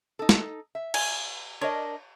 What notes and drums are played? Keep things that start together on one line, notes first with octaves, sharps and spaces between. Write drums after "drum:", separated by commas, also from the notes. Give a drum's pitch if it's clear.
D#4 A4
drum: snare
E5
G#5, drum: cymbal
D4 A#4 C#5 D#5